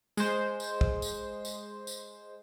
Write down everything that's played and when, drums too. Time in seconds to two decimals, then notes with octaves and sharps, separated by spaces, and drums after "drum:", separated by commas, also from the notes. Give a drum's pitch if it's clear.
0.17 G#3 C5, drum: tambourine
0.60 drum: tambourine
0.81 drum: kick
1.02 drum: tambourine
1.45 drum: tambourine
1.87 drum: tambourine